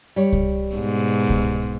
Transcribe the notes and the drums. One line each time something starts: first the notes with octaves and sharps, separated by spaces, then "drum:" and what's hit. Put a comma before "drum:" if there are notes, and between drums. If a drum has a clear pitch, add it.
G3 C#5
drum: kick C2
G#2 B2
drum: kick C2